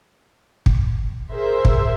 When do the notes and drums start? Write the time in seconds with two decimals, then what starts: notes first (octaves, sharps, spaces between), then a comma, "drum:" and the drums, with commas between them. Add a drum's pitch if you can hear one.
0.66 drum: kick
1.32 G#4 A#4 C5 E5
1.65 drum: kick